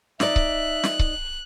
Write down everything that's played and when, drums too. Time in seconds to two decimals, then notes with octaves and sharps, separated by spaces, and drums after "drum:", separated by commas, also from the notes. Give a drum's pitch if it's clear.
0.20 D#4 D5 E5 F#6, drum: snare
0.36 drum: kick C#1
0.84 drum: snare
0.99 drum: kick C#1